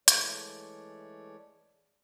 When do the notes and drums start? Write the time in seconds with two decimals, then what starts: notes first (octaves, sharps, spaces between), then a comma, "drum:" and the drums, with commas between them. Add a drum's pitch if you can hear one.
0.08 E3 G#3 A3 C#5 D5, drum: hi-hat